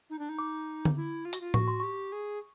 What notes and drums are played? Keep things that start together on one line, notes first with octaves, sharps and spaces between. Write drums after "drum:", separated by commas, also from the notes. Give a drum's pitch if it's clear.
D#4
D4
D#4
D6
drum: tom D3
E4
F4
F#4, drum: hi-hat
F4
F#4 C#6, drum: tom A2
C6
G4 C#6
G#4